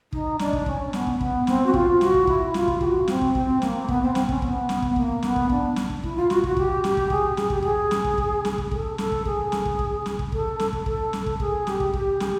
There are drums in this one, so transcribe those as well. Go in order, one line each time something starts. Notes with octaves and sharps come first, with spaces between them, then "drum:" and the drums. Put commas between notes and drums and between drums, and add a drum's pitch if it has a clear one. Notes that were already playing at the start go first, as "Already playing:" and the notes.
D#4, drum: kick
D4, drum: snare
drum: kick
C#4, drum: kick
B3, drum: snare
drum: kick
B3, drum: kick
C4, drum: snare
F#4
F4, drum: kick
F#4, drum: snare
drum: kick
E4, drum: kick
F4, drum: snare
drum: kick
G4, drum: kick
F#4
C4, drum: snare
drum: kick
C4, drum: kick
A#3, drum: snare
A#3
B3, drum: kick
C4
C4, drum: snare
C#4, drum: kick
B3, drum: kick
drum: snare
drum: kick
A#3, drum: kick
B3, drum: snare
drum: kick
D4, drum: kick
drum: snare
drum: kick
E4, drum: kick
F4
F#4, drum: snare
F#4, drum: kick
G4, drum: kick
G4, drum: snare
drum: kick
G#4, drum: kick
G#4, drum: snare
G4, drum: kick
G#4, drum: kick
drum: snare
drum: kick
drum: kick
drum: snare
drum: kick
A4, drum: kick
A4, drum: snare
drum: kick
G#4, drum: kick
drum: snare
drum: kick
drum: kick
drum: snare
drum: kick
A4, drum: kick
A4, drum: snare
drum: kick
A4, drum: kick
drum: snare
drum: kick
G#4, drum: kick
G4, drum: snare
drum: kick
G4, drum: kick
G#4, drum: snare
G4